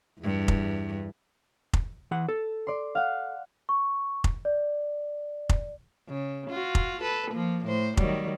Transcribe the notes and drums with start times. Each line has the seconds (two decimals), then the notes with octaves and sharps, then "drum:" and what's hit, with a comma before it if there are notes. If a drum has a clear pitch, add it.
0.20 E2 G2
0.48 drum: kick F1
1.73 drum: kick F1
2.11 E3 F#5
2.29 A4
2.67 D5 C6
2.95 F5 F#5
3.69 C#6
4.24 drum: kick F1
4.45 D5
5.49 drum: kick F1
6.08 C#3
6.50 F4 F#4
6.75 drum: kick F1
7.01 A4 B4
7.31 F3 A#3
7.65 A2 C5
7.97 D#3 F#3 G3, drum: kick F1